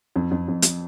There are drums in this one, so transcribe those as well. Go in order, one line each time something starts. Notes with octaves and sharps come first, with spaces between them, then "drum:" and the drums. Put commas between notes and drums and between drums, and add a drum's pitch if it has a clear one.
F2
F2
F2
drum: hi-hat